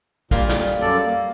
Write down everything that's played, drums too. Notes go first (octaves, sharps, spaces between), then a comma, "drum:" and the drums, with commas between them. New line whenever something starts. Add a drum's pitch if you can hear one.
A#2 G3 A#3 F4, drum: kick
drum: snare
F#2 A4 D5
A#3